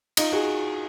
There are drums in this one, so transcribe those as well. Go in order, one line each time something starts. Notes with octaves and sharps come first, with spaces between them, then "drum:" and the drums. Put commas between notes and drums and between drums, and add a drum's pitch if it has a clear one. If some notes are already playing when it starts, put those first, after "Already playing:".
D#4 F4, drum: cymbal
F#4 G#4